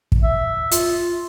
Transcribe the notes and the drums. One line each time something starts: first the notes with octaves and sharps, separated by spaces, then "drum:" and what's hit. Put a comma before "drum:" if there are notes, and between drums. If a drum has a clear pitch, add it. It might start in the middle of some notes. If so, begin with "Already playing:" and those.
drum: kick
E5
F4, drum: hi-hat